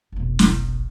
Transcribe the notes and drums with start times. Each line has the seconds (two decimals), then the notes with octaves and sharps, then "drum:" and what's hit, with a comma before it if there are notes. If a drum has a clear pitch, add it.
0.12 F1 B1
0.39 drum: snare